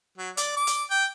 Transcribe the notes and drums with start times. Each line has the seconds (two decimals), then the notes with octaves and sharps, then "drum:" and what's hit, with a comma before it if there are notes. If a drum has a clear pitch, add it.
0.18 F#3
0.37 D5, drum: hi-hat
0.57 D6
0.67 drum: hi-hat
0.91 G5